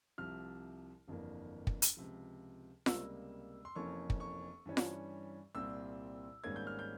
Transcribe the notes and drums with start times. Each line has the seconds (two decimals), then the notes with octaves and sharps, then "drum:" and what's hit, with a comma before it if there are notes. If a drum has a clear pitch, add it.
0.18 C2 C3 F3 F6
1.08 G1 F2 E3 G3 A#3
1.67 drum: kick
1.82 drum: hi-hat
1.97 C#2 C3 F3
2.86 C#2 C3 G3 A#3 E6, drum: snare F4
3.65 C6
3.75 F1 F2 E3 A#3 C#4 C#6
4.10 drum: kick
4.20 C#6
4.65 G2 E3 G3 C#4
4.77 drum: snare F4
5.55 C2 A#2 G3 C4 E6
6.44 G#1 G#2 G3 A#3 C#4 G#6
6.56 G6
6.67 F6
6.79 G6